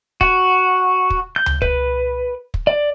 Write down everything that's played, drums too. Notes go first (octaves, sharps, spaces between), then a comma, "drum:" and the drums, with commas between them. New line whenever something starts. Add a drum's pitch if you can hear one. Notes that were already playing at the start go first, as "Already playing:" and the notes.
F#4, drum: kick
drum: kick
G6
drum: tom C#2
B4, drum: kick
drum: kick
D5